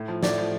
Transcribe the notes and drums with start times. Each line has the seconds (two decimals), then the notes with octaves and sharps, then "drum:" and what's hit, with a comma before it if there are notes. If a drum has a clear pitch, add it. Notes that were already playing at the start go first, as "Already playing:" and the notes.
Already playing: A2
0.08 F3
0.23 A2 D5, drum: snare
0.38 F3